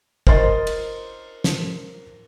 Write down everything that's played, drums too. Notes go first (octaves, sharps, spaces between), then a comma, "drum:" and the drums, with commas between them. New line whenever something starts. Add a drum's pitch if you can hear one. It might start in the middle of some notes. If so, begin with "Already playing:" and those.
A#4 C5 D#5 C6 A6, drum: kick
drum: cymbal
drum: snare